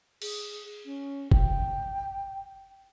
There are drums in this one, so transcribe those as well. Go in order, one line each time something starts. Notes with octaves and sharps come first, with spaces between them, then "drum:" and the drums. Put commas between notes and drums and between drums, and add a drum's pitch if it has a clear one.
G#4, drum: cymbal
C#4
G5, drum: kick